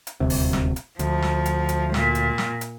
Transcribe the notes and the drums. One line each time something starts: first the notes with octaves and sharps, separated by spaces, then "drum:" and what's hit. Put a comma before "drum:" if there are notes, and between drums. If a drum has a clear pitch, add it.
drum: hi-hat
D#1 D2 C3
drum: open hi-hat
drum: snare
drum: hi-hat
D2 F3, drum: hi-hat
drum: snare
drum: hi-hat
drum: hi-hat
A#2, drum: snare
drum: hi-hat
drum: snare
drum: hi-hat